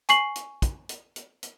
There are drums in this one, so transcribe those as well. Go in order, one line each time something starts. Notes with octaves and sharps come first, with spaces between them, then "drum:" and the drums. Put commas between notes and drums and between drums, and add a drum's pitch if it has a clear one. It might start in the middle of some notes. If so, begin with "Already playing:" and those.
G#5 C#6 C7 F#7, drum: hi-hat
drum: hi-hat
drum: kick, hi-hat
drum: hi-hat
drum: hi-hat
drum: hi-hat